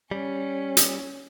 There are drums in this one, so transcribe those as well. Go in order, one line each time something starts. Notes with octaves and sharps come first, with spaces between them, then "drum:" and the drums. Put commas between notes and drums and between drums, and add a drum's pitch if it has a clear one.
G3 C#4
drum: hi-hat